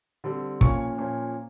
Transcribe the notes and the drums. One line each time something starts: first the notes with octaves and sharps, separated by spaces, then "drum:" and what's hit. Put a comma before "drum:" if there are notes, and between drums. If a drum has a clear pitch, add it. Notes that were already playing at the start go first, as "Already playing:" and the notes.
D3 G3 C4
A#2 F3 A#3 C#4 C#6, drum: kick
A#2 F3 A#3 C#4